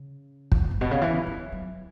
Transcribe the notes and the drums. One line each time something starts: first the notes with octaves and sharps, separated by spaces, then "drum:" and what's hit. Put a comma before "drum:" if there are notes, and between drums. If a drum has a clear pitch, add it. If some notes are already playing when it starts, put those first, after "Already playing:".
Already playing: C#3
drum: kick
G#2
B2
C#3
E3
F#3
F#3